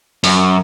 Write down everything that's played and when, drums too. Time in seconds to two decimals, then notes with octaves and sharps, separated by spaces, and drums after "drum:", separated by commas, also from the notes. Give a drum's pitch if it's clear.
0.24 F#2, drum: open hi-hat